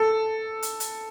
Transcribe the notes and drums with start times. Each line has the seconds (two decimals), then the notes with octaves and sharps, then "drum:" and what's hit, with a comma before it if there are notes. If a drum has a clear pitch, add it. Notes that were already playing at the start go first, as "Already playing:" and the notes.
Already playing: A4
0.62 drum: hi-hat
0.80 drum: hi-hat